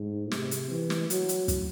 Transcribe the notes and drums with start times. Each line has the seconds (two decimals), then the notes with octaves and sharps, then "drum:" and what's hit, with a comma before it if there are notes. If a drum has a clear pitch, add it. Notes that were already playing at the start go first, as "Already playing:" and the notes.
Already playing: G#2
0.31 C3, drum: snare
0.51 drum: hi-hat
0.70 E3
0.90 drum: snare
1.10 F#3, drum: hi-hat
1.29 drum: hi-hat
1.48 drum: kick, hi-hat